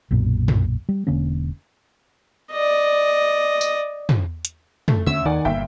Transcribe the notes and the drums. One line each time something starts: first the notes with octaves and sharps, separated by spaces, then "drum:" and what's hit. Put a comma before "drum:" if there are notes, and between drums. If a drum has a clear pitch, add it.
B1 F#2 A#2
drum: tom
G3
E1 D3 A#3 C#4
D5 D#5
drum: tambourine
drum: tom
drum: hi-hat
A3, drum: tom
D2 D3 C#4 E5 E6
D#2 D#3 D5 F#5 G#5
G1 A#2 E5 G5